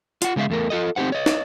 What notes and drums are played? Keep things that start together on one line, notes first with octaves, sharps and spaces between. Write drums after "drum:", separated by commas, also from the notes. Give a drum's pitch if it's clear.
F4 F#5, drum: hi-hat
C#3 G#3 E4 E5 F5
E2 A3 A#4
F4 A4 D#5
C4 D#4 G4 C5 F#5
C#5 D#5
drum: snare